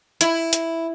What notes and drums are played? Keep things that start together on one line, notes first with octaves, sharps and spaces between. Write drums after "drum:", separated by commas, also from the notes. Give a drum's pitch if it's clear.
E4, drum: hi-hat
drum: hi-hat